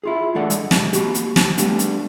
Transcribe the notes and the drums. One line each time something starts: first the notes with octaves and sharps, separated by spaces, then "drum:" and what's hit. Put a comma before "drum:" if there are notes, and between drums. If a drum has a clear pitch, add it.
E4 F4 G#4
A2 E3 D4 A4 D5 F#5
G#3, drum: hi-hat
B1, drum: snare
A#3 F#4 G4, drum: hi-hat
drum: hi-hat
drum: snare
G3 A3 B3 D4, drum: hi-hat
drum: hi-hat